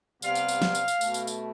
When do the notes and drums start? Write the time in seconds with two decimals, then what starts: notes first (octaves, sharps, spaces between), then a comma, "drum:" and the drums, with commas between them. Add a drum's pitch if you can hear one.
0.22 C3 G3 B3 F5, drum: tambourine
0.35 drum: tambourine
0.48 drum: tambourine
0.62 drum: snare
0.75 drum: tambourine
0.88 drum: tambourine
1.01 B2 A3, drum: tambourine
1.14 drum: tambourine
1.27 drum: tambourine